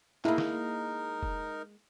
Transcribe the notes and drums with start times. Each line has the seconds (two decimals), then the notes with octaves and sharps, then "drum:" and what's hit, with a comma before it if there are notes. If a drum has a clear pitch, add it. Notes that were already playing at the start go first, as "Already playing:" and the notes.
0.25 G#3 A#3 D#4 E4 A#4, drum: clap
0.38 drum: snare
1.23 drum: kick